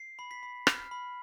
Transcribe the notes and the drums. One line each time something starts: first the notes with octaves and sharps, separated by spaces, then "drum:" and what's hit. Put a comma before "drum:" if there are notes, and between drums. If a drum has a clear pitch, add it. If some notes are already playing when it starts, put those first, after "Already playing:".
Already playing: C7
B5
B6
B5
F6, drum: rim click
B5